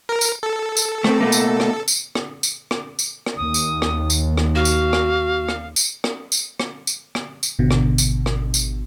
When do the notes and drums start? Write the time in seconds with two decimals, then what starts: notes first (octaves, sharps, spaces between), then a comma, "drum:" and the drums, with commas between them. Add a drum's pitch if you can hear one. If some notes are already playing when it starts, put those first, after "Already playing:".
0.09 A#4
0.21 drum: tambourine
0.43 A4
0.77 drum: tambourine
1.04 A3 C4, drum: rim click
1.20 B2 A3 A#3
1.32 drum: tambourine
1.60 drum: rim click
1.88 drum: tambourine
2.15 drum: rim click
2.43 drum: tambourine
2.71 drum: rim click
2.99 drum: tambourine
3.26 drum: rim click
3.37 D#2 D#6
3.54 drum: tambourine
3.82 drum: rim click
4.10 drum: tambourine
4.37 drum: rim click
4.55 F#4 F5
4.65 drum: tambourine
4.93 drum: rim click
5.49 drum: rim click
5.76 drum: tambourine
6.04 drum: rim click
6.32 drum: tambourine
6.60 drum: rim click
6.87 drum: tambourine
7.15 drum: rim click
7.43 drum: tambourine
7.59 G#1 B2 D3
7.71 drum: rim click
7.98 drum: tambourine
8.26 drum: rim click
8.54 drum: tambourine